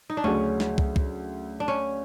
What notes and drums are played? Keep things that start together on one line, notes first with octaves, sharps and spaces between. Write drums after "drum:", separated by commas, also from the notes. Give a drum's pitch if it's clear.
D#4
D4
D2 C#3 F#3 C#4
drum: snare
drum: kick
drum: kick
D4
C#4